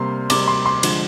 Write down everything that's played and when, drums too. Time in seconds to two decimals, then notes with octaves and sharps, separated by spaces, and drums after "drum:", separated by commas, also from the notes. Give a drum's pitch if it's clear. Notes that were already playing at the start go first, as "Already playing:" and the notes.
Already playing: C3 G3 A#3 C6
0.30 C3 G3 A#3 D6, drum: cymbal
0.48 C6
0.66 C6
0.83 D3 F3 G#3, drum: cymbal